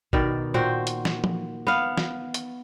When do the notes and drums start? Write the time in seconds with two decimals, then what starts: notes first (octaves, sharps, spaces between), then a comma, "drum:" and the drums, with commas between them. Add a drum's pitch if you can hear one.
0.13 B2 D#3 D5, drum: kick G#1
0.54 A#2 F#4 C5 G5
0.87 drum: hi-hat
1.05 drum: snare
1.24 drum: tom F3
1.67 B3 F5
1.97 drum: snare
2.34 drum: hi-hat